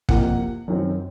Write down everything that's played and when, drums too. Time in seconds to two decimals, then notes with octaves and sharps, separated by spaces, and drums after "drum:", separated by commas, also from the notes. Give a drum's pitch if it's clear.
0.09 F2 C3 F3 A#3 F#5, drum: kick
0.68 F#2 D#3 F#3 C4